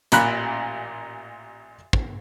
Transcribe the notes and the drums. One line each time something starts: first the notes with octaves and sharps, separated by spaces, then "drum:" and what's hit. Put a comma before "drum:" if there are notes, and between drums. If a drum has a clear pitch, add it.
A1 A#2 B5 F#6, drum: hi-hat
drum: kick